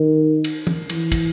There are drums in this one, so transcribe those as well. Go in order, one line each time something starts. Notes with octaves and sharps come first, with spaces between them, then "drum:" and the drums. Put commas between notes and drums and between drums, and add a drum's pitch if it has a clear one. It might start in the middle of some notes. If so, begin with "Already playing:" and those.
Already playing: D#3
drum: cymbal
drum: tom E3
E3, drum: cymbal
drum: kick, cymbal